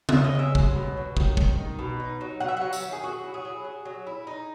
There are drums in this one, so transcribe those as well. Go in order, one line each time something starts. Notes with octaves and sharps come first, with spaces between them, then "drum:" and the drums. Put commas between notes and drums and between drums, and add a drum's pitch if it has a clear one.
E5, drum: tom C#3
C#4
D#5
G#3 E5
F#3, drum: kick
B2
F#3
D#3, drum: kick
D#3, drum: kick
D#4
B2
D#4
F#3
F#3 F#5
E5
F#3 F#5
E5, drum: tambourine
D#3
G#4
F#3 F#4
E4
G#4
F#3
F#3
F#3
E4
D#4